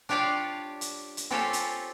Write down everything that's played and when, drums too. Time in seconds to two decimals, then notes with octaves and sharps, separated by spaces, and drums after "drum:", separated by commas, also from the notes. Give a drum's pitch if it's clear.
0.09 D4 F4 G4 C#5 D5 F5
0.81 drum: hi-hat
1.17 drum: hi-hat
1.30 C4 C#4 F4 G4 A4 C#5
1.53 drum: hi-hat